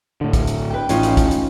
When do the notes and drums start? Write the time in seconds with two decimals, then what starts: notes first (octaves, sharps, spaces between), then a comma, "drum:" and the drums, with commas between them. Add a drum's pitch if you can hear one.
0.21 A2 D3
0.33 drum: kick, hi-hat
0.47 drum: hi-hat
0.70 B4 G5
0.89 A1 A2 C#4 D#4 F4, drum: hi-hat
1.03 drum: hi-hat
1.17 drum: kick, hi-hat
1.31 drum: hi-hat